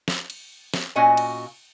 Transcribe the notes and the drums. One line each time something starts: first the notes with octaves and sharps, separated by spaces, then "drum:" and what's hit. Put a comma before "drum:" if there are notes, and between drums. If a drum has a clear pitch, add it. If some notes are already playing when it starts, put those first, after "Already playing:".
drum: snare
drum: cymbal
drum: snare
A#2 C#4 F#4 D#5 G#5
drum: cymbal